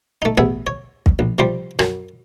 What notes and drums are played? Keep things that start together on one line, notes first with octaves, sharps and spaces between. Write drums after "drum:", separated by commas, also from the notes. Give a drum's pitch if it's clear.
A3 D#4
A1 B3 G#4 E5
C#5
drum: kick
A#1
C3 F3 G3 C5
F#2, drum: rim click